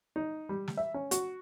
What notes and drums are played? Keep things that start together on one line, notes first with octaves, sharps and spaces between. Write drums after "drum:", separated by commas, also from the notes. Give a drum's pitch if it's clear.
D#4
G3
drum: snare
E5
C#4
F#4, drum: hi-hat